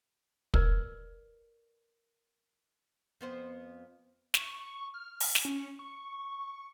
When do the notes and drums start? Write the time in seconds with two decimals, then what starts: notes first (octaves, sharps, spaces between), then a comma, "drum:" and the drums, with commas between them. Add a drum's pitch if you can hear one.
0.54 A#4 B4 D5, drum: kick
3.21 F2 B3 C5
4.34 C#6, drum: snare
4.94 F6
5.20 drum: open hi-hat
5.35 drum: snare
5.45 C#4
5.79 C#6